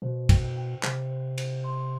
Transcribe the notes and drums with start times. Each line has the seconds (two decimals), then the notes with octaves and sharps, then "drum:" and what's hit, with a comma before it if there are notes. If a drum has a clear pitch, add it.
0.02 B2 C5
0.29 G5, drum: kick, cymbal
0.57 G5
0.83 C3 C5, drum: clap
1.10 C5
1.38 C5, drum: cymbal
1.64 C6